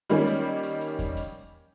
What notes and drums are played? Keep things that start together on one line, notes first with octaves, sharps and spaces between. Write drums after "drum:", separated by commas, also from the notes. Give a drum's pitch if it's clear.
D#3 G3 A#3 C#4, drum: hi-hat
drum: hi-hat
drum: hi-hat
drum: hi-hat
drum: kick E2, hi-hat
drum: hi-hat